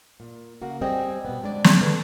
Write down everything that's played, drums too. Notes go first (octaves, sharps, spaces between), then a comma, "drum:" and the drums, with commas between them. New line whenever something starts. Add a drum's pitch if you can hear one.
A#2
C#3 A#3 F#4
G3 C4 G#4 D#5
B2 B3
D2 G#3 D4 D5
drum: snare
A4 B4